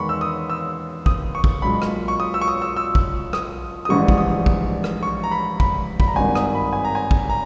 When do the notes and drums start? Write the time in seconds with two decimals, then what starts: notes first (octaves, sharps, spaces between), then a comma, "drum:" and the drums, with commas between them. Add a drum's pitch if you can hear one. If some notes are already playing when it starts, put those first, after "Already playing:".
Already playing: E2 D#3 G#3 B5 C#6
0.09 E6
0.21 D#6
0.49 E6
1.06 D#6, drum: kick
1.35 C#6
1.44 drum: kick
1.62 B1 A#2 G#3 B5
1.82 drum: rim click
2.08 C#6
2.20 D#6
2.34 E6
2.41 C#6
2.48 D#6
2.62 E6
2.76 E6
2.95 drum: kick
3.33 D#6, drum: rim click
3.85 D#6
3.89 A#1 G#2 E3 G3 C#6
4.08 drum: kick
4.18 D#6
4.46 drum: kick
4.84 drum: rim click
5.03 C#6
5.24 A#5
5.31 B5
5.60 B5, drum: kick
6.00 B5, drum: kick
6.08 A#5
6.16 G#1 G2 D#3 G#5
6.35 D#6, drum: rim click
6.55 B5
6.73 G#5
6.85 A#5
6.95 G#5
7.11 drum: kick
7.30 A#5